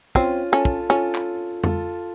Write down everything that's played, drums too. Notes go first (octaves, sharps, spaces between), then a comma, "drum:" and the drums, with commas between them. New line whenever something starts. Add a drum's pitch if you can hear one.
C4 C#4 F4, drum: kick
C#4 F4 A4
drum: kick
C#4 F4 A4
drum: clap
F4 A4, drum: tom F2